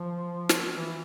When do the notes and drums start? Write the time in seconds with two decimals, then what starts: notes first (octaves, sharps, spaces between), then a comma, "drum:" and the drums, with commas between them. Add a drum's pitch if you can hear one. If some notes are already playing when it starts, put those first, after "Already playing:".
Already playing: F3
0.49 drum: snare
0.73 E3